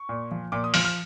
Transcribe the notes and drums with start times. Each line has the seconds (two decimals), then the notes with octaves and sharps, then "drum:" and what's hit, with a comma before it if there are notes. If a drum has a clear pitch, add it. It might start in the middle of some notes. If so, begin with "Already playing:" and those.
Already playing: C#6
0.09 A#2
0.31 F3
0.52 A#2 D6
0.64 D#6
0.74 F3 F6, drum: open hi-hat
0.85 F6